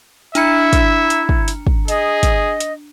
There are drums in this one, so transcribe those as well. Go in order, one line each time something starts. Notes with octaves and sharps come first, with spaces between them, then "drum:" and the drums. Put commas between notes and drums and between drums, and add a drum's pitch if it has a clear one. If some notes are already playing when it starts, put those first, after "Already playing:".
D4 E4 E5 A#5 C#7, drum: hi-hat
drum: kick, hi-hat
drum: hi-hat
drum: kick
drum: hi-hat
drum: kick
G#4 D#5, drum: hi-hat
drum: kick, hi-hat
drum: hi-hat